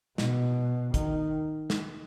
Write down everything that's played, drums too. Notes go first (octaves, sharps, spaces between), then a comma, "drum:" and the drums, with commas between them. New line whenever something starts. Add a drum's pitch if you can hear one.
B2, drum: snare
D#3, drum: kick, hi-hat
drum: snare